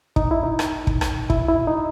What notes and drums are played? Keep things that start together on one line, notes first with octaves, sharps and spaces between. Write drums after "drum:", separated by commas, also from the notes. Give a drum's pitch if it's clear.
D#4, drum: kick
E4
D#4
drum: rim click
drum: kick
drum: rim click
E4, drum: kick
E4
D#4